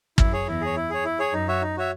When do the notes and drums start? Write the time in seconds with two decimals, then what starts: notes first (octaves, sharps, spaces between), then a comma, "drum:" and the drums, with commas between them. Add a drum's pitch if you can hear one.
0.18 F#2 E4, drum: kick
0.33 G#4 C#5
0.47 E2 E4
0.61 G#4 C#5
0.76 E4
0.90 G#4 C#5
1.05 E4
1.19 G#4 C#5
1.33 F#2 D#4
1.48 F#4 C#5 E5
1.62 D#4
1.77 F#4 C#5 E5